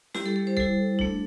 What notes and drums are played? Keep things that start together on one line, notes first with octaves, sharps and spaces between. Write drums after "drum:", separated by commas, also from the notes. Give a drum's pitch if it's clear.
G3 E4 G4, drum: snare
A4
A4
C5
G3 E4 A4, drum: kick
A3 D4, drum: kick